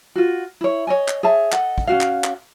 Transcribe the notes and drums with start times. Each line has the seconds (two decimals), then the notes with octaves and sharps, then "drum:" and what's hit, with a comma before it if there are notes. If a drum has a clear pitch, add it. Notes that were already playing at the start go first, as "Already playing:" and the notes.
0.16 F4 F#4
0.61 E4 C#5
0.87 C#5 D#5 G#5
1.08 drum: clap
1.23 G#4 C#5 E5 A5
1.52 A4 D#5 F#5, drum: clap
1.78 drum: kick
1.87 C#4 D4 F#4 F5
2.01 drum: clap
2.24 drum: clap